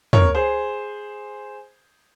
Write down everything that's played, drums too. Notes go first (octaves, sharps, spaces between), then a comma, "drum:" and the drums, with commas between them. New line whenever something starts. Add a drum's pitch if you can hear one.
A#4 C#5, drum: tom
G#4 C5